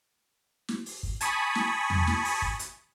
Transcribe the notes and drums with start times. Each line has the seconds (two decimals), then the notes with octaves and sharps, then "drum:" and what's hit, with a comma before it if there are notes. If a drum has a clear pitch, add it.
0.68 drum: snare
0.86 drum: open hi-hat
1.03 drum: kick
1.21 G#5 A5 B5 C#6 D#6, drum: hi-hat
1.55 drum: snare
1.90 drum: tom E2
2.07 drum: snare
2.25 drum: open hi-hat
2.42 drum: kick
2.59 drum: hi-hat